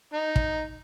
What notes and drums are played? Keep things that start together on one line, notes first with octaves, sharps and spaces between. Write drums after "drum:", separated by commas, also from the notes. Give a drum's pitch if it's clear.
D#4
drum: kick